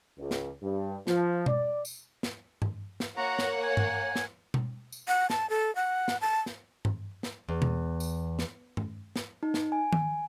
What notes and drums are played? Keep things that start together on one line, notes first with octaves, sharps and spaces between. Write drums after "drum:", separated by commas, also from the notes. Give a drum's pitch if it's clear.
C#2
drum: snare
G2
F3, drum: snare
D5, drum: tom B2
drum: tambourine
drum: snare
drum: tom G2
drum: snare
A#3 F#4 C#5 F#5 A#5
drum: snare
G#5
drum: tom G2
drum: snare
drum: tom B2
drum: tambourine
F#5
A5, drum: snare
A4
F#5
drum: snare
A5
drum: snare
drum: tom G2
drum: snare
E2
drum: tom B2
drum: tambourine
drum: snare
drum: tom G2
drum: snare
D#4
drum: snare
G#5
drum: tom D#3